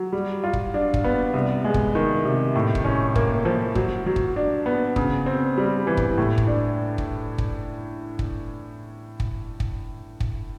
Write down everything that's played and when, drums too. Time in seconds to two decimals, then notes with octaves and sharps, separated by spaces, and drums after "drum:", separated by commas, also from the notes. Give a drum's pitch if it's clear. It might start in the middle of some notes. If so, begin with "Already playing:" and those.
Already playing: F#3
0.13 G3
0.44 F4
0.53 drum: kick
0.74 D4
0.94 drum: kick
1.04 B3
1.34 C2
1.65 G#3
1.74 drum: kick
1.95 D#3
2.25 C3
2.55 A2
2.75 drum: kick
2.84 C#4
3.15 A#3, drum: kick
3.45 F3
3.75 F#3, drum: kick
4.06 F#3
4.16 drum: kick
4.36 D4
4.66 B3
4.96 C#3, drum: kick
5.26 C4
5.58 G3
5.87 E3
5.97 drum: kick
6.18 A2
6.38 drum: kick
6.47 D4
6.98 drum: kick
7.38 drum: kick
8.19 drum: kick
9.20 drum: kick
9.60 drum: kick
10.20 drum: kick